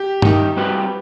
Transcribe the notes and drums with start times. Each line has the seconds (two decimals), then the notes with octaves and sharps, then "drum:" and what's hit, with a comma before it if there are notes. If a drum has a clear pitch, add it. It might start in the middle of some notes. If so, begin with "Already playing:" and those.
Already playing: G4
0.22 D#3 G3 D#4, drum: tom G2
0.57 G3 C4 F#4 B4